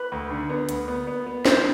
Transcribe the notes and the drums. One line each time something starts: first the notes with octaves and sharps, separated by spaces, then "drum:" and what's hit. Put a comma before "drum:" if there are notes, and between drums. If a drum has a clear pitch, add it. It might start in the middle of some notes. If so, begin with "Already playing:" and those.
Already playing: B4
D2
D3
B3
D2, drum: hi-hat
B3
B3
B3
C4 C5, drum: snare